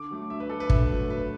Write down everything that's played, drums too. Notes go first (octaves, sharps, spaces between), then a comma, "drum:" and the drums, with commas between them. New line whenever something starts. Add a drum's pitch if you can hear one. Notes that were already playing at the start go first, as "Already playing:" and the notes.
Already playing: D3 D6
F#3 A3
D3 E5
B4
F#3 A3 A4
B4
D3 E5, drum: kick
F#3 A3
D3 B4